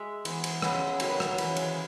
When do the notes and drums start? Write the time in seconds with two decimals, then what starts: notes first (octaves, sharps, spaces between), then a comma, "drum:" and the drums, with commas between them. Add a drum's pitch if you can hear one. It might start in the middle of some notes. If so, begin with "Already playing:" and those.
Already playing: G#3 E5
0.25 E3 B3, drum: cymbal
0.44 drum: cymbal
0.62 C#3 G#3 B3 D#5, drum: rim click
0.75 E5
0.87 D#5
1.00 D#3 F#3 A3 C#5, drum: cymbal
1.09 B4
1.20 C#5, drum: rim click
1.38 C#3 E3 G#3 B4, drum: cymbal
1.56 drum: cymbal